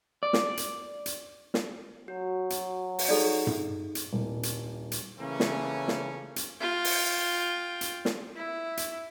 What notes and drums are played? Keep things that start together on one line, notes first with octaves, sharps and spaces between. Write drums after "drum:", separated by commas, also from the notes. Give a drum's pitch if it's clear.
D5
drum: snare
drum: hi-hat
drum: hi-hat
drum: snare
F#3 F#4
drum: hi-hat
drum: open hi-hat
D#4 G#4 A4 D5
drum: tom G2
drum: hi-hat
D#1 C2
drum: hi-hat
drum: hi-hat
C#3 E3 A3 A#3 C#4
drum: snare
drum: snare
drum: hi-hat
F4 G5
drum: open hi-hat
drum: hi-hat
drum: snare
E4
drum: hi-hat